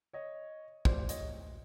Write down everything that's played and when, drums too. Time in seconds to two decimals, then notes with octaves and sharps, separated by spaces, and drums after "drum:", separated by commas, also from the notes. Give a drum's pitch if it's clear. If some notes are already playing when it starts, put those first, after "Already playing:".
0.13 C#5 D#5
0.85 D2 C3 F3 C5 D5, drum: kick
1.09 C#5 D#5, drum: hi-hat